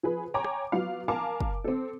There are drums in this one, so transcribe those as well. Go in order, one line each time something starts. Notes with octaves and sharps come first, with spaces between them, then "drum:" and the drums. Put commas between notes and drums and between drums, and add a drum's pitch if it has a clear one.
F3 G#4 B4
C#5 G5 G#5 A#5 D6
drum: rim click
F#3 B3 F4 F5
A#4 F5 G#5 A5 D6
drum: kick
C4 A4